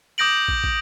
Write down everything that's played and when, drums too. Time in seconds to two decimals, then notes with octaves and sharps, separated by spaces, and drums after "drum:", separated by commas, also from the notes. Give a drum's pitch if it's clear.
0.18 D6 D#6 G6 A#6 D7 F#7
0.48 drum: kick
0.64 drum: kick